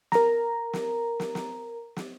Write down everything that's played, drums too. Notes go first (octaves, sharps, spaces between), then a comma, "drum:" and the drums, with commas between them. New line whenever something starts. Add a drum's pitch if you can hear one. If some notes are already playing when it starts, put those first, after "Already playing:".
A#4 A#5, drum: snare
drum: snare
drum: snare
drum: snare
drum: snare